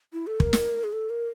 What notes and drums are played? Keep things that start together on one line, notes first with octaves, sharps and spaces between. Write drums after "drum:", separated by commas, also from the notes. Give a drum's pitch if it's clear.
E4
A4
A#4, drum: kick
drum: snare
G#4
A4
A#4